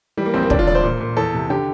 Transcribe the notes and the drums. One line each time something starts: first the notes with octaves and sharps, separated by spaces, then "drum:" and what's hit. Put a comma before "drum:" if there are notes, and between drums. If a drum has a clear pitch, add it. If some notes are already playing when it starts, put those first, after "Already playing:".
E3 G3
A#3
A#1 C4
A#3
D2 D4, drum: kick
F4
E1 D5
C5
A#2
A#2
E2 A4
C3
D3 G4